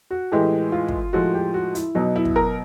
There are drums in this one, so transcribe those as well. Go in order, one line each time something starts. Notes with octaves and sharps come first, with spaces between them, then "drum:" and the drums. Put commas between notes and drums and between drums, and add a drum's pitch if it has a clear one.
F#4
A2 E3 G#3 G4
F4
drum: kick
A2 F3 G#3 F#4
G4
F#4
E4, drum: hi-hat
B2 F#3 D#4
E4
drum: kick
A#4